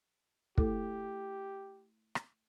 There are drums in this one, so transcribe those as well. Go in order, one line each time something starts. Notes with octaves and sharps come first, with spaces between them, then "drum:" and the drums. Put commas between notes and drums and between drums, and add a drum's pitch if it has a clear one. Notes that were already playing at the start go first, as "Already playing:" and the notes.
A3 E4 G4 A4, drum: kick
drum: rim click